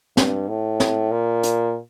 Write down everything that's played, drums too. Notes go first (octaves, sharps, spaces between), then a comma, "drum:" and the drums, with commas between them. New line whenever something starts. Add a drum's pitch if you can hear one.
G2, drum: snare
A2
drum: snare
A#2
drum: hi-hat